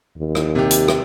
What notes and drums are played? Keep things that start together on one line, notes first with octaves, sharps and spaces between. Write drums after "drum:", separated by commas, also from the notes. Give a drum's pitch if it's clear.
D#2
drum: rim click
C3 G4
drum: hi-hat
drum: rim click